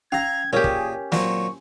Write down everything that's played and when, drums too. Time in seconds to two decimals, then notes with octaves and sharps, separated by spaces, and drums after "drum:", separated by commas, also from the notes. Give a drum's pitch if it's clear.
0.12 C#4 F5 A#5 E6 G#6
0.53 A#2 C#4 G4 G#4 A#4 C#5
0.64 drum: kick
1.12 A#2 F#3 C4 C#6, drum: snare